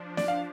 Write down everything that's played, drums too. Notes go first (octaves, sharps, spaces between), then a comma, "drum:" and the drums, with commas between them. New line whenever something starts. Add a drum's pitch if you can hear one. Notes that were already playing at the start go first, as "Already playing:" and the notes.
Already playing: F3 D4
D5, drum: snare
F5